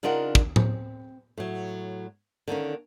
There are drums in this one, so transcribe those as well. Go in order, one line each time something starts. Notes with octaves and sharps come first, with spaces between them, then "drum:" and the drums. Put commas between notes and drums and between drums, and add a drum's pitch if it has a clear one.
C#3 D4 D#4 F4 A#4 F#5
drum: kick
C4, drum: tom A2
A2 F#3
D3 D#3 A#3 C#4